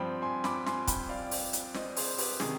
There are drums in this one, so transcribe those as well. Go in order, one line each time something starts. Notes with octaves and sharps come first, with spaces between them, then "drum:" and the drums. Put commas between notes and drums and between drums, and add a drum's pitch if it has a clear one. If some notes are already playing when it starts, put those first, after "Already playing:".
Already playing: G2 F3 C4 G5 B5
G#5 C6
B5 D6, drum: snare
G#5 C6, drum: snare
G5 B5, drum: kick, hi-hat
D5 F5
drum: open hi-hat
drum: hi-hat
C5 D#5, drum: snare
G#4 C5, drum: open hi-hat
G4 B4, drum: open hi-hat
C3 D#3 G#4, drum: snare